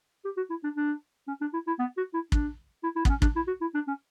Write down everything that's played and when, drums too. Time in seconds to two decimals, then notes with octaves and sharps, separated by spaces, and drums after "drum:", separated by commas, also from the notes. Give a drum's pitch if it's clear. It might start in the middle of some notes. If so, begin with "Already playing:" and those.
0.25 G4
0.37 F#4
0.50 E4
0.64 D4
0.76 D4
1.28 C#4
1.41 D4
1.53 E4
1.67 E4
1.79 B3
1.97 F#4
2.14 E4
2.32 D4, drum: kick
2.83 E4
2.96 E4
3.05 B3, drum: kick
3.09 C#4
3.22 D4, drum: kick
3.36 E4
3.47 F#4
3.61 E4
3.75 D4
3.87 C#4